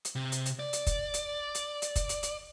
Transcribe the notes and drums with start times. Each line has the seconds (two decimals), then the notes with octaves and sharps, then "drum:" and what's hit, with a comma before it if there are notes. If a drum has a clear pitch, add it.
0.05 drum: hi-hat
0.15 C3
0.32 drum: hi-hat
0.46 drum: hi-hat
0.59 D5
0.73 drum: hi-hat
0.87 drum: kick, hi-hat
1.14 drum: hi-hat
1.55 drum: hi-hat
1.82 drum: hi-hat
1.96 drum: kick, hi-hat
2.09 drum: hi-hat
2.23 drum: hi-hat